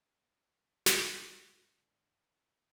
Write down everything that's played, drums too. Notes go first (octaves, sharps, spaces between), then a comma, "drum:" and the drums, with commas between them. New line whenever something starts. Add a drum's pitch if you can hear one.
drum: snare
G#2 D3